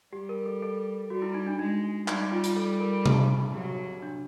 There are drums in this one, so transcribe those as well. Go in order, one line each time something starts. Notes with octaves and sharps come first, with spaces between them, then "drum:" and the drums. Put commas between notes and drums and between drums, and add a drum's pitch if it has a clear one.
G3 G4
A#4
A4
A4
G3 F#4
E4
D#4
D4
G#3 D#4
G3 D#4, drum: clap
D#4
F4
F4, drum: hi-hat
A4
A#4
G#4, drum: tom C3
F#3 G4
D4